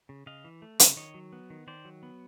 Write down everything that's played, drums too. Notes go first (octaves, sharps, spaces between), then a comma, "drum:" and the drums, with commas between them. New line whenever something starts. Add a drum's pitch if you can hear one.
C#3
C#3 D#5 F5
E3
A3
C#3, drum: hi-hat
D#3 C#5 D#5
F#3
B3
D#3
D#3 C5 D5
F#3
B3